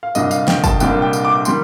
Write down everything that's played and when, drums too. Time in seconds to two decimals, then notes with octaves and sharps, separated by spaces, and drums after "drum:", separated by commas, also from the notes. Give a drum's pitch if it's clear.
0.03 F5
0.15 C2 A#2 G3 A#3 D4 D#5, drum: tambourine
0.31 F5, drum: tambourine
0.48 G5, drum: snare
0.64 A5, drum: kick, tambourine
0.80 C2 A#2 G3 A#3 D4 G5, drum: tambourine
1.02 G5
1.13 drum: tambourine
1.25 D6
1.45 D#3 G3 C6, drum: tambourine